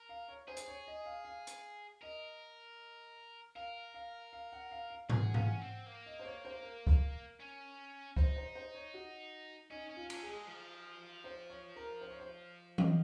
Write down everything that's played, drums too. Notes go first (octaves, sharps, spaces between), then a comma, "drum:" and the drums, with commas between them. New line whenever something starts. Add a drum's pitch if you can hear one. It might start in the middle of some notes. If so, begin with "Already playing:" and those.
Already playing: A#4
F5
C#5
G#4 C5
drum: hi-hat
C#5
D#5
F5
F5
drum: hi-hat
A#4 D#5
A#4 F5
F5
F5
F#5
F5
F5
G#4, drum: tom G#2
F#5
C#4 F5, drum: tom G#2
F#5
C4
A#3
D#5
C5
C#5
C5
A#4
drum: kick
C#4
D#4 C5, drum: kick
C5
C5
C#5
F#4
C#4 D#4
C#4
F4
C#4, drum: cymbal
G#4
G#3
F3
C5
C#5
A#4
C5
C#5
C5
D#5, drum: tom E3